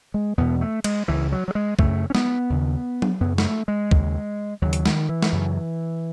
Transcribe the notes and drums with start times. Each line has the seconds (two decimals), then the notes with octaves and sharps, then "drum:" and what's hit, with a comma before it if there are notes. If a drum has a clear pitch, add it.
0.14 G#3
0.38 E2 B2 B3
0.61 A3
0.84 G#3, drum: cymbal
1.08 C#2 C#3 E3
1.32 F#3
1.48 F#3
1.55 G#3
1.79 F#2 C#3 A3, drum: kick
2.10 C#4
2.15 B3, drum: snare
2.50 D#2 C#3
3.02 drum: tom F#3
3.21 F#2 C#3 B3
3.38 G#3, drum: snare
3.44 A3
3.68 G#3
3.91 D#2 C#3, drum: kick
4.62 D#2 C#3 F#3
4.73 drum: hi-hat
4.86 D#3, drum: snare
5.09 E3
5.22 drum: snare
5.32 F#2 C#3